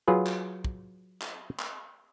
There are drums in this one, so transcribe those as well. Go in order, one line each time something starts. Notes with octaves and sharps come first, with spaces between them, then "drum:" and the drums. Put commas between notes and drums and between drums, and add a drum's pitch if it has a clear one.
F#3 F4 G#4 B4
drum: clap
drum: kick
drum: clap
drum: clap